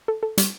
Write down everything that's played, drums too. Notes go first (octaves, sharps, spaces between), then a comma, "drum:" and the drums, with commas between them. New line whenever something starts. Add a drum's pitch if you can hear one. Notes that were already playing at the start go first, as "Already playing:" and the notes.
A4
A4
G3, drum: hi-hat